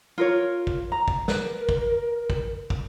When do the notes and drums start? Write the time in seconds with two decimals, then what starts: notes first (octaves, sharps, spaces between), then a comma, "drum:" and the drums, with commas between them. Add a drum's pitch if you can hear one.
0.18 F4 A#4 C#5
0.67 drum: kick
0.92 A#5
1.08 drum: kick
1.28 A#4 B4, drum: snare
1.69 drum: kick
2.30 drum: kick
2.70 drum: kick